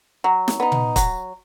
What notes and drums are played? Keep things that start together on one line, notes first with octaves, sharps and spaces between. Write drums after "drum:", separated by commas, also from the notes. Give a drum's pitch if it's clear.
F#3
drum: snare
B3 D#4
drum: tom A#2
F#3, drum: kick, hi-hat